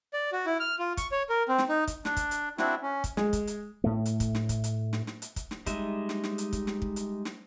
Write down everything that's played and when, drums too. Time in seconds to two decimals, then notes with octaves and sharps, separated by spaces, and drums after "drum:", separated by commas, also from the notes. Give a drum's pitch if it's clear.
0.13 D5
0.32 F#4
0.46 E4
0.60 F6
0.79 F4
0.97 C#6, drum: kick, hi-hat
1.12 C#5
1.29 A#4
1.48 C4
1.58 drum: snare
1.69 D#4
1.87 drum: kick, hi-hat
2.05 D4, drum: snare
2.17 drum: kick, hi-hat
2.31 drum: hi-hat
2.58 C4 D4 E4 F#4, drum: snare
2.82 C#4
3.04 drum: kick, hi-hat
3.17 G#3, drum: snare
3.33 drum: kick, hi-hat
3.47 drum: hi-hat
3.84 A2 A3
4.06 drum: hi-hat
4.20 drum: kick, hi-hat
4.35 drum: snare
4.49 drum: kick, hi-hat
4.64 drum: hi-hat
4.93 drum: snare
5.07 drum: snare
5.22 drum: hi-hat
5.36 drum: kick, hi-hat
5.51 drum: snare
5.66 G3 G#3 D#4 E5, drum: kick, hi-hat
6.09 drum: snare
6.24 drum: snare
6.38 drum: hi-hat
6.53 drum: kick, hi-hat
6.67 drum: snare
6.82 drum: kick
6.96 drum: hi-hat
7.25 drum: snare